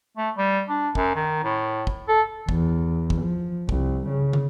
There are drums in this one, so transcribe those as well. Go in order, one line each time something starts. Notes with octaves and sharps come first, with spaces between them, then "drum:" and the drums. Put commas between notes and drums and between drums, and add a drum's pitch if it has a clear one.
A3
G3
D4
F#2, drum: kick
D#3
A2
drum: kick
A4
E2, drum: kick
drum: kick
F3
C2, drum: kick
C#3
drum: tom